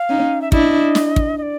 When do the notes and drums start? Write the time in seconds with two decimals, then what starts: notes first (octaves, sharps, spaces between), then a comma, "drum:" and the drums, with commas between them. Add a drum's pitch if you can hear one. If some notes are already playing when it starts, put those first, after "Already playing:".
Already playing: F5
0.09 C#4 D#4
0.42 E5
0.52 D4 E4 D#5, drum: kick
0.95 drum: snare
1.16 drum: kick
1.38 D#5
1.42 D5